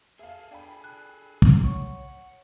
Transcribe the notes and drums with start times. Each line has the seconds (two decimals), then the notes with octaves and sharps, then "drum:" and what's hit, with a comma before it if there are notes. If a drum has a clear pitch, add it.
0.19 G#4 A4 E5 F5
0.51 D4 G5 B5
0.84 F#6
1.42 drum: kick
1.64 C#5 F#5 C#6